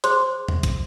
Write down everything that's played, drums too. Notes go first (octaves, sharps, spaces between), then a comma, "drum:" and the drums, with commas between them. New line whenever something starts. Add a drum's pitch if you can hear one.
G#4 C5 C6, drum: hi-hat
drum: tom E2
drum: kick, hi-hat